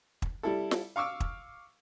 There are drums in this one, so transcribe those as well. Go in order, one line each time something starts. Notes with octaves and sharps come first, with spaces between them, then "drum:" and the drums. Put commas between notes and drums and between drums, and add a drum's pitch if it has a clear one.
drum: kick
G3 E4 A4
drum: snare
F5 C#6 D6 E6 F6
drum: kick